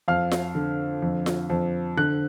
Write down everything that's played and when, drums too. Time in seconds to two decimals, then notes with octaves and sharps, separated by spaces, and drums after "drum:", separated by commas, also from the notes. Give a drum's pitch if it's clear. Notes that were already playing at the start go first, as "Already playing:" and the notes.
0.08 F2 F5 F6
0.31 drum: snare F4
0.55 D3
1.02 F2
1.26 drum: snare F4
1.50 F2
1.97 D3 F#6